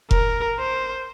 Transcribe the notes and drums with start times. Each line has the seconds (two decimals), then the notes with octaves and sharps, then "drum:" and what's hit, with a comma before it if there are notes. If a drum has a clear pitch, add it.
0.11 A#4, drum: kick F1
0.59 C5